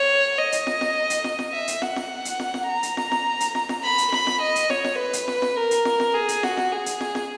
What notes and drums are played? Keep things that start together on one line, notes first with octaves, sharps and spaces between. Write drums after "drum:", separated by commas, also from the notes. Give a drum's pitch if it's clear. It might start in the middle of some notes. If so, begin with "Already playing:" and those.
Already playing: C#5
D#5
drum: hi-hat
drum: snare
drum: snare
drum: hi-hat
drum: snare
drum: snare
E5
drum: hi-hat
F#5, drum: snare
drum: snare
drum: hi-hat
drum: snare
drum: snare
A#5
drum: hi-hat
drum: snare
drum: snare
drum: hi-hat
drum: snare
drum: snare
B5
drum: hi-hat
B5, drum: snare
drum: snare
D#5
drum: hi-hat
C#5, drum: snare
drum: snare
B4
drum: hi-hat
drum: snare
drum: snare
A#4
drum: hi-hat
drum: snare
drum: snare
G#4
drum: hi-hat
F#4, drum: snare
drum: snare
G#4
drum: hi-hat
drum: snare
drum: snare